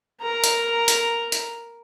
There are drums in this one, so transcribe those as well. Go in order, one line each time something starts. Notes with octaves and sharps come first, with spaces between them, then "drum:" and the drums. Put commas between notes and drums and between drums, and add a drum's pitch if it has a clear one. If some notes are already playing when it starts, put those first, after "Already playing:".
A#4 A#5
drum: hi-hat
drum: hi-hat
drum: hi-hat